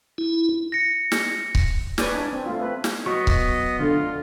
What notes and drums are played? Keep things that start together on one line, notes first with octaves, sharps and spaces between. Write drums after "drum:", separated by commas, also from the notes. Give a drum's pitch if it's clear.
E4
A#6 C#7
drum: snare
drum: kick C#1
B4 C#5 D5 G#5, drum: snare
D4
C4
A3 F4
C4 B4
drum: snare
F#3 B3 D#5 C#6
drum: kick C#1
D2 D3 F4